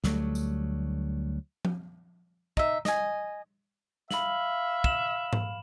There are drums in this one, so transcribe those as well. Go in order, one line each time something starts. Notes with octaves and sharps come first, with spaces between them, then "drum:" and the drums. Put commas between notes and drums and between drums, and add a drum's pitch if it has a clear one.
D2 F#3 G3 A3, drum: snare
drum: tambourine
drum: tom F3
D#4 E5, drum: kick
D#5 G#5, drum: snare
E5 F5 B5 F#7, drum: snare
E7 F#7, drum: kick
drum: tom G#2